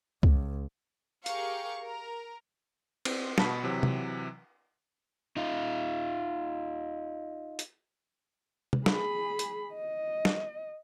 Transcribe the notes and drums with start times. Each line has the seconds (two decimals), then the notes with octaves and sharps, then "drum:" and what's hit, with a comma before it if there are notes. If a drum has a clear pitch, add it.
0.23 C#2, drum: kick C#2
1.26 G4 G#4 A#4 F5 C#6, drum: hi-hat
1.80 A#4
3.05 C4, drum: cymbal
3.38 B2 A5 B5 B6, drum: snare
3.63 C3 E3 F#3
3.83 drum: tom C3
5.37 D#4 F4
7.59 drum: hi-hat
8.73 drum: tom C3
8.86 G#4 B5, drum: snare
9.39 drum: hi-hat
9.74 D#5
10.25 drum: snare